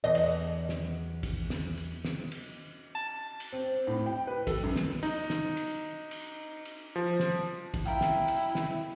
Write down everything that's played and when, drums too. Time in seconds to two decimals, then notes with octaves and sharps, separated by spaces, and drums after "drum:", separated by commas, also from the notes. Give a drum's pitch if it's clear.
0.04 E2 D#5
0.15 drum: cymbal
0.69 drum: snare
1.23 drum: kick, cymbal
1.50 drum: snare
1.77 drum: cymbal
2.05 drum: snare
2.32 drum: cymbal
2.95 A5
3.40 drum: cymbal
3.53 C4
3.87 A2
4.06 G5
4.27 B4
4.47 A4, drum: kick, cymbal
4.63 F#2
4.76 drum: snare
5.03 D#4, drum: cymbal
5.30 drum: snare
5.57 drum: cymbal
6.11 drum: cymbal
6.65 drum: cymbal
6.96 F3
7.20 drum: snare
7.74 drum: kick, cymbal
7.85 E4 A#4 F5 G5
8.01 drum: snare
8.28 drum: cymbal
8.55 drum: snare